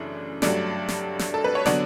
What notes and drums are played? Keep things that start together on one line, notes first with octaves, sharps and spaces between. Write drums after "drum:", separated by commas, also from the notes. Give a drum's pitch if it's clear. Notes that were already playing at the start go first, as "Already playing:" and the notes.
Already playing: F#2 C#3 E3 A3 D4 D5
G2 F#3 A3 D4 D5, drum: snare
drum: snare
drum: snare
A4
B4
C#5
D3 F#3 B3 D4 D5, drum: snare